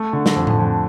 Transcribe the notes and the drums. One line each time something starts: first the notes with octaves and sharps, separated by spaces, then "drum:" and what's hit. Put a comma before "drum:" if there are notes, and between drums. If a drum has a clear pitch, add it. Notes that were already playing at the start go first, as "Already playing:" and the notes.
Already playing: A3
D3
drum: snare
F2
drum: tom A2
F2